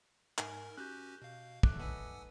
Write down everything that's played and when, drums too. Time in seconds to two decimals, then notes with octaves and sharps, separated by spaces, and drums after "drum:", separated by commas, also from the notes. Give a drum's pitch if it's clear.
0.38 G#2 D#4 A#4 G#5, drum: clap
0.78 C#4 F#4 G4 F#6 G6
1.22 B2 F5
1.63 B1 A#2 D3 F#3 A3 D6 F#6, drum: kick
1.79 D#4 B4 F#5 G#5 E6